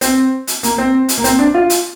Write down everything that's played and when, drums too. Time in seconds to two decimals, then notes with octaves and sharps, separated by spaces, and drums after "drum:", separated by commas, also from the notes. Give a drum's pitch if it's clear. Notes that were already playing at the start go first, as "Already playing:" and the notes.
0.01 C4, drum: hi-hat
0.47 drum: hi-hat
0.63 A#3, drum: hi-hat
0.78 C4
1.09 drum: hi-hat
1.18 A#3
1.24 C4, drum: hi-hat
1.39 D4
1.54 F4
1.70 drum: hi-hat